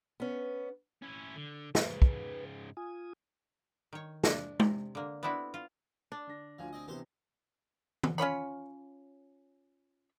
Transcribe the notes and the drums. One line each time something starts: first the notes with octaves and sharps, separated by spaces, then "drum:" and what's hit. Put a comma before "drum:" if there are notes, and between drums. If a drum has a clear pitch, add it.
B3 C#4
C#4 E4
D3
G#2 C#3 B4, drum: snare
drum: kick
F4 G#5 D#6
D#3 C#5
D4 A5, drum: snare
C3, drum: tom G#3
D3 A#3
B3 C4 D4 E4 F#4
F4
D4
D3 A#6
D2 F3 G#5
C4 D#5
C3 E3 B3 C5 C6
drum: tom D#3
C#4 F4 C#5 B5